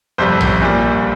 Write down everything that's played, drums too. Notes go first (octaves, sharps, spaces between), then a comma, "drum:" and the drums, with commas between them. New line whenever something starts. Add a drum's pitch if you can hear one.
G1 F2 C3 G3 C5
drum: tom A#1
A#1 A#2 G3